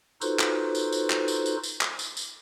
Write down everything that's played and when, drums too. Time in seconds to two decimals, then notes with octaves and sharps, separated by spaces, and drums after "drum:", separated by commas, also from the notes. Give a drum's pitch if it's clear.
0.21 D#4 F4 F#4 A4 B4 C5, drum: tambourine
0.39 drum: clap
0.75 drum: tambourine
0.92 drum: tambourine
1.10 drum: clap
1.28 drum: tambourine
1.46 drum: tambourine
1.63 drum: tambourine
1.81 drum: clap
1.99 drum: tambourine
2.17 drum: tambourine